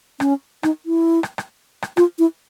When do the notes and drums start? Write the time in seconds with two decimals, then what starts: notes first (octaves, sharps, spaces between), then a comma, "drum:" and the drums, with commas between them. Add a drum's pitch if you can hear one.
0.20 C#4, drum: rim click
0.63 D#4, drum: rim click
0.86 E4
1.23 drum: rim click
1.38 drum: rim click
1.82 drum: rim click
1.97 F4, drum: rim click
2.19 E4